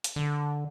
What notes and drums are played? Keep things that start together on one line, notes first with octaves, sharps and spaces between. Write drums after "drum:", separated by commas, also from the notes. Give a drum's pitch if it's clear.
drum: hi-hat
D3